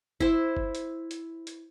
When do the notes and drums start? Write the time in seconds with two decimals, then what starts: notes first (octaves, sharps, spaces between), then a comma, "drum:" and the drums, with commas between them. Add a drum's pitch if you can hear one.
0.20 E4 C5, drum: kick G1
0.57 drum: kick G1
0.75 drum: hi-hat
1.11 drum: hi-hat
1.47 drum: hi-hat